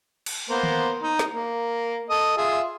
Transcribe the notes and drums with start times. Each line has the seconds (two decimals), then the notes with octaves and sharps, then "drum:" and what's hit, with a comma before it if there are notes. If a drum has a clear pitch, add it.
0.26 drum: cymbal
0.50 A#3 B3 C5
0.63 drum: tom D#3
1.02 D#4
1.19 drum: snare
1.32 A#3
2.10 A4 D#5
2.37 F4 G#4 E5